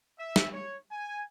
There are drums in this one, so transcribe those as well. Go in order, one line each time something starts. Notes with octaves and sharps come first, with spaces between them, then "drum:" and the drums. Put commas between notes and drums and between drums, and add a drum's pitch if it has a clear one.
E5
drum: snare
C#5
G#5